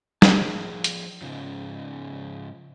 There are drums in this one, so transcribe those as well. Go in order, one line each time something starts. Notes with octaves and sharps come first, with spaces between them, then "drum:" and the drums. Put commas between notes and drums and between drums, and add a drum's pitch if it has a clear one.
F3 G#4 F5 A5, drum: snare
drum: hi-hat
G#2 C#3 F3